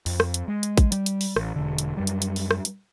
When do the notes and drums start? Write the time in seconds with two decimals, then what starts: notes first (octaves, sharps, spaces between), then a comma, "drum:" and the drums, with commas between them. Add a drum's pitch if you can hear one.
0.06 F2, drum: open hi-hat
0.20 drum: rim click
0.34 drum: hi-hat
0.48 G#3
0.63 drum: hi-hat
0.77 drum: kick, hi-hat
0.92 G3, drum: hi-hat
1.06 drum: hi-hat
1.21 drum: open hi-hat
1.36 A1, drum: rim click
1.56 E1 D3
1.78 drum: hi-hat
1.97 F#2 G3
2.07 drum: hi-hat
2.22 drum: hi-hat
2.36 drum: open hi-hat
2.51 drum: rim click
2.65 drum: hi-hat